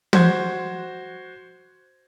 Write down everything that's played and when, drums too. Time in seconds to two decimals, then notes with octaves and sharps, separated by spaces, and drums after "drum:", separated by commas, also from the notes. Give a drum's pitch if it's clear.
0.13 F#4 C5 G#6, drum: tom